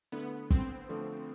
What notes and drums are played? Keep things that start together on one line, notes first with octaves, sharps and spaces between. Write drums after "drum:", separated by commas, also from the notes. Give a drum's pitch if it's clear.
D3 A3 B3 E4
C4, drum: kick
D3 F3 A3